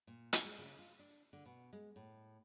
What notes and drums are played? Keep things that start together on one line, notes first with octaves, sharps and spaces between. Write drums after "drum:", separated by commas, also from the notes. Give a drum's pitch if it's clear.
A#2
drum: hi-hat
G#3
C#3
F4
D4
D3
B2
G#3
A2